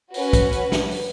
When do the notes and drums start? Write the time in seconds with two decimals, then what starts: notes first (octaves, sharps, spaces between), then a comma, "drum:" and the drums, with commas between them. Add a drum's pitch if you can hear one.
0.14 C#4 F#4 B4, drum: open hi-hat
0.33 drum: kick B1, hi-hat
0.53 drum: hi-hat
0.72 drum: snare
0.91 drum: open hi-hat